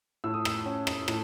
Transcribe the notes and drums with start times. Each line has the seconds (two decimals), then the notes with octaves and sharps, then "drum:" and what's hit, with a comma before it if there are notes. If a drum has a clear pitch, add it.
0.24 A2 E6
0.34 D#6
0.45 E6, drum: rim click
0.66 C#4
0.87 drum: rim click
1.08 A2, drum: rim click